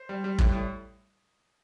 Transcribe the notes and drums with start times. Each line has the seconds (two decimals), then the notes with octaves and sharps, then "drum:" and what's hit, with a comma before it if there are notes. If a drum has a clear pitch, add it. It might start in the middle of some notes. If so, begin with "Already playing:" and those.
Already playing: C5
0.09 G3
0.24 G3
0.39 A2, drum: kick
0.53 A2